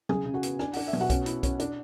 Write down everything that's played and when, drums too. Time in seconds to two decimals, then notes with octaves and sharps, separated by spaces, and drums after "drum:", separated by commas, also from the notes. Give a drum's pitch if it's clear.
0.09 C#3 G#4 G#5, drum: tom
0.26 C#3
0.34 F#4 F#5
0.43 B3, drum: hi-hat
0.59 D4 G#5, drum: rim click
0.73 D4 F#5, drum: open hi-hat
0.88 E5
0.93 B2, drum: tom
1.01 F#4 F#5
1.10 C#4, drum: kick B1, hi-hat
1.26 E4, drum: hi-hat
1.43 C#4, drum: kick B1, hi-hat
1.60 D4, drum: hi-hat